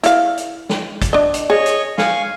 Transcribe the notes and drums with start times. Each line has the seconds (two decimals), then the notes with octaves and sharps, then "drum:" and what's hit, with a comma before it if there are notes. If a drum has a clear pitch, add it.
0.03 E4 F5, drum: hi-hat
0.37 drum: hi-hat
0.69 drum: snare
1.02 drum: kick, hi-hat
1.13 D4 D#5
1.34 drum: hi-hat
1.50 G#4 C#5 D#5 C#6
1.66 drum: hi-hat
1.98 F5 G#5 C#6, drum: snare